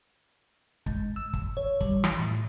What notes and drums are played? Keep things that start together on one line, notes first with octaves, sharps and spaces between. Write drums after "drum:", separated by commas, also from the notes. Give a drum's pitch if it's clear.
G#2, drum: kick
E6
drum: kick
C#5
G3, drum: kick
E3, drum: rim click
A2